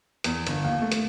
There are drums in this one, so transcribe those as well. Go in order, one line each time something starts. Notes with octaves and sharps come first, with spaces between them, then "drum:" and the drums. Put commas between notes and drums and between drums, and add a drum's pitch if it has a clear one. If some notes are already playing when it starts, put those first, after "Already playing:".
E2, drum: hi-hat
G1, drum: hi-hat
D#2
A3
drum: hi-hat